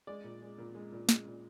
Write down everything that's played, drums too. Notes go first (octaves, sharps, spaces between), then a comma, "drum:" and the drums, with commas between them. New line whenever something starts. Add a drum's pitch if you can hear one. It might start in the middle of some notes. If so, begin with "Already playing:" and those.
G#3 D5
A#2
G#3
A#2
G#3
A#2
G#3, drum: snare
A#2